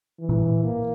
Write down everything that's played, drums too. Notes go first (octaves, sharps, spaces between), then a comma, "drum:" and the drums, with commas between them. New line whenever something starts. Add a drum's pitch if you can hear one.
E3
drum: tom A#2
A#3